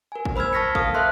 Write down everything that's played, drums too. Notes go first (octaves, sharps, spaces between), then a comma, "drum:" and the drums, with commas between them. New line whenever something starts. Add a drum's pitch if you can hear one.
A#4 G#5
drum: kick
C5 B5 E6 F6 G#6
A5 C#6 A#6 B6 C#7
A4 A#4 F5 C#6 D#6 F6, drum: kick
A4 C5 E5 A5 C6 F#6